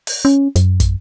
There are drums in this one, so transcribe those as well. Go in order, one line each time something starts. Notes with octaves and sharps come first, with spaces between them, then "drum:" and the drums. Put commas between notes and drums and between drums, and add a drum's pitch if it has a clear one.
drum: open hi-hat
C#4
F#2, drum: hi-hat
drum: kick, hi-hat